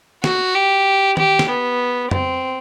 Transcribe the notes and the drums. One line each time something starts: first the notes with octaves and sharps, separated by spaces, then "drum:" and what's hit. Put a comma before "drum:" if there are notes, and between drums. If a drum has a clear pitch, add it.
F#4, drum: snare
G4
G4, drum: tom
drum: snare
B3
C4, drum: tom F2